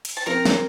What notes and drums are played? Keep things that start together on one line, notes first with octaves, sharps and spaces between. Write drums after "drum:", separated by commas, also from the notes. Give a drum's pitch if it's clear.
drum: cymbal
A5
F3 C4 F4 A#4 A#5
drum: snare